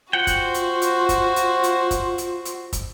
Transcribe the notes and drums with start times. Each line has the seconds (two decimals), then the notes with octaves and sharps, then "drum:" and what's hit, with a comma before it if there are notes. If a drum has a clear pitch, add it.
0.13 F4 F#4 C5 F#5 G5
0.27 drum: kick, hi-hat
0.54 drum: hi-hat
0.82 drum: hi-hat
1.09 drum: kick, hi-hat
1.36 drum: hi-hat
1.63 drum: hi-hat
1.91 drum: kick, hi-hat
2.18 drum: hi-hat
2.45 drum: hi-hat
2.73 drum: kick, hi-hat